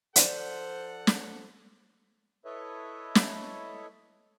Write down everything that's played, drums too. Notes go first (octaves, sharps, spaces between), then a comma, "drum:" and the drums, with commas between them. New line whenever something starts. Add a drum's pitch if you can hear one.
F3 A4 C5 D5 F#5, drum: hi-hat
drum: snare
E4 A4 B4 C#5 D#5 E5
drum: snare